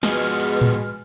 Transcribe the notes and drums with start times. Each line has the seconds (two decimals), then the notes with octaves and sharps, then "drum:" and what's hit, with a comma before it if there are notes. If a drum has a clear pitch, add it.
0.03 B2 F3 G#3 B3 B4 F6, drum: snare
0.20 drum: cymbal
0.40 drum: hi-hat
0.61 drum: tom A2